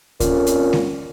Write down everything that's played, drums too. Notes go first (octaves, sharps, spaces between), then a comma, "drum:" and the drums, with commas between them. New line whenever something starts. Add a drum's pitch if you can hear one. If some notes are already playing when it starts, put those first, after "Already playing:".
F2 A#2 C#4, drum: kick C#2, hi-hat
drum: hi-hat
drum: snare G#3